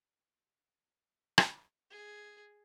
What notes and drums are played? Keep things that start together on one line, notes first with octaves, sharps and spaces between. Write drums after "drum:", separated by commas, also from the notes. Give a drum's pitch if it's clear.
drum: rim click
G#4